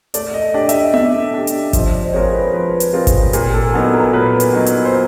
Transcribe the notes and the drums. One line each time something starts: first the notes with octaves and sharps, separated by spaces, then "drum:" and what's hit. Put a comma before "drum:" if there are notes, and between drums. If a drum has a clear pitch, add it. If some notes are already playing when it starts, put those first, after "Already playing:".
A3 D5, drum: hi-hat
D#5
D4 G4 D5
E5, drum: hi-hat
D#5
A3 E5, drum: tom B3
D4 G4
drum: hi-hat
F3 D#5, drum: kick G#1, hi-hat
D#5
D5
C5
G#3 C4 F4 A#4 C#5
B4
F3 B4
drum: hi-hat
G#3 C4 F4 A#4
drum: kick G#1, hi-hat
A#2 G4, drum: hi-hat
A4
F#3 B3 D#4 A4
A#4
A#2 B4
drum: hi-hat
F#3 B3 D#4
drum: hi-hat
C5